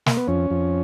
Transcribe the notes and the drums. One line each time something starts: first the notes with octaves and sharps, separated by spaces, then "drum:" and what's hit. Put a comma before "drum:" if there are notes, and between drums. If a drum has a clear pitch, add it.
A#3, drum: snare
B3
F2 C#4
F2